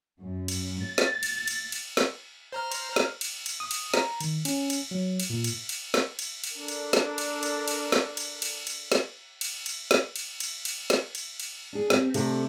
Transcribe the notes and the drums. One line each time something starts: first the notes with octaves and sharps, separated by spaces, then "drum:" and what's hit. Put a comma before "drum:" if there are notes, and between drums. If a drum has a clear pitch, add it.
F#2
drum: cymbal
A6
drum: snare
drum: cymbal
drum: cymbal
drum: cymbal
drum: snare
C5 A#5 F6
drum: cymbal
drum: snare
drum: cymbal
drum: cymbal
D#6
drum: cymbal
A#5, drum: snare
D#3, drum: cymbal
C#4, drum: cymbal
drum: cymbal
F#3
drum: cymbal
A#2
drum: cymbal
drum: cymbal
drum: snare
drum: cymbal
drum: cymbal
D4 A4 A#4
drum: cymbal
drum: snare
drum: cymbal
drum: cymbal
drum: cymbal
drum: snare
drum: cymbal
drum: cymbal
drum: cymbal
drum: snare
drum: cymbal
drum: cymbal
drum: snare
drum: cymbal
drum: cymbal
drum: cymbal
drum: snare
drum: cymbal
drum: cymbal
D4 G#4
C4 G4, drum: snare
C3 A3 D4 G4 A4, drum: cymbal